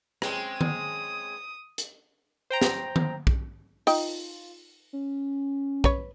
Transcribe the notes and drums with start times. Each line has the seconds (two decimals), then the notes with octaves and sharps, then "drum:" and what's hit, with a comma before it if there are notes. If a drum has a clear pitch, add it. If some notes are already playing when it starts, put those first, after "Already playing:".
0.22 G#3 C4 C#4, drum: rim click
0.61 D#6, drum: tom D#3
1.78 drum: hi-hat
2.50 C5 G5 A#5
2.62 drum: snare
2.96 drum: tom D#3
3.27 drum: kick
3.87 D#4 F4 G5, drum: open hi-hat
4.93 C#4
5.84 B4 C#5, drum: kick